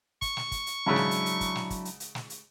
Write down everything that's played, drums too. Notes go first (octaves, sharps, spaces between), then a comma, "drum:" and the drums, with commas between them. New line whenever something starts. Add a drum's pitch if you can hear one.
C#6, drum: kick, hi-hat
drum: snare
drum: kick, hi-hat
drum: hi-hat
G#2 C#3 F#3 D4 E4
drum: snare
drum: hi-hat
drum: hi-hat
drum: kick, hi-hat
drum: snare
drum: kick, hi-hat
drum: hi-hat
drum: hi-hat
drum: snare
drum: hi-hat